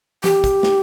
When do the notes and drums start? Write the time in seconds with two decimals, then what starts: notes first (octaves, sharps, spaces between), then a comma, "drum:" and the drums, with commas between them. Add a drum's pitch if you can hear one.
0.24 G4, drum: tom E3
0.44 drum: kick, hi-hat
0.63 drum: snare